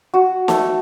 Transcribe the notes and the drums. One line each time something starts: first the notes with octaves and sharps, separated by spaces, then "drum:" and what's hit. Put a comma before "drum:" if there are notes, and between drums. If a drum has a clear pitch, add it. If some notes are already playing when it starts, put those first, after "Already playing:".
F#4
A3, drum: snare